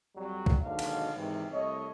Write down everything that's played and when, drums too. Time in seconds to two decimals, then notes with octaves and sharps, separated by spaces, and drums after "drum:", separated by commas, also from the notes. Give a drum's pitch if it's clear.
0.15 F2 F#3 G3
0.46 drum: kick B1
0.61 D#2 G#2 B2 D3 F#3 F5
0.79 drum: cymbal
1.15 G#2 C3 D#3 E3
1.51 C2 A3 C#5 D#5